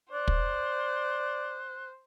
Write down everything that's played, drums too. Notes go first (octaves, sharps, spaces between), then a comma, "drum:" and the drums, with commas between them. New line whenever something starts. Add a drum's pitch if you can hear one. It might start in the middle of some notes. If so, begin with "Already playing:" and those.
C5 D5 F#6
drum: kick